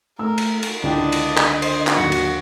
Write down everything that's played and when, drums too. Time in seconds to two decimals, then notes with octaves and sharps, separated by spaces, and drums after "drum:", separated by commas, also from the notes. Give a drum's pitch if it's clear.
0.19 A3 A#4 E6
0.38 drum: cymbal
0.63 drum: cymbal
0.83 C#2 D3 D4 E4 D#5 G5
1.12 drum: cymbal
1.37 drum: clap
1.62 C5, drum: cymbal
1.87 drum: clap
1.96 D#2 F#3 F#4
2.12 drum: cymbal